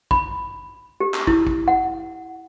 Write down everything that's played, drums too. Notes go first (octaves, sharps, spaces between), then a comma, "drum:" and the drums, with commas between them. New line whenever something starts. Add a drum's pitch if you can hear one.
B5, drum: kick
G4
drum: clap
E4, drum: kick
drum: kick
F#5